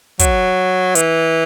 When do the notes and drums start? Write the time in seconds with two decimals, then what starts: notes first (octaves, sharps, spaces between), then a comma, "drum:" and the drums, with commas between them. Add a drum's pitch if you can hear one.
0.19 F#3, drum: kick, hi-hat
0.95 E3, drum: hi-hat